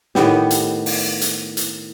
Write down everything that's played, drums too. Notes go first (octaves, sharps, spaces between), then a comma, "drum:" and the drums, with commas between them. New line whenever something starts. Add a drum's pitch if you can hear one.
A2 D#3 B3 G4, drum: snare
drum: hi-hat
drum: open hi-hat
drum: hi-hat
drum: hi-hat